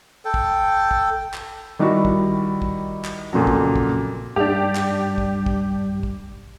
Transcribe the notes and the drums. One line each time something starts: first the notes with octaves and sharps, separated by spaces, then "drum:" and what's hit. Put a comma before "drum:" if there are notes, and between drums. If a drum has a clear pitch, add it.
A4 G5
drum: kick
drum: kick
drum: clap
D#3 G3 D#4 E4 F#4
drum: kick
drum: kick
drum: clap
F2 A#2 C#3 F#3
drum: kick
drum: kick
G2 D4 G4
drum: clap
drum: kick
drum: kick
drum: kick